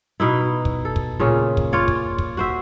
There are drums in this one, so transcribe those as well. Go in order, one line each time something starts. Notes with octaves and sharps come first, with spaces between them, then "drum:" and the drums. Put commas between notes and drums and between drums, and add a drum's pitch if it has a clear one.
B2 D#4 E4
drum: kick
A4
drum: kick
A#2 C#3 C#4
drum: kick
F4 C#5 D5
drum: kick
drum: kick
F#4 C5 E5